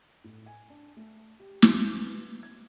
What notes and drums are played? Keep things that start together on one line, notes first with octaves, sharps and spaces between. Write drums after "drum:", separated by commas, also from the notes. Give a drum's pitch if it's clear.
A2
G#5
D4
A3
G4
drum: snare
D6
B3
G#6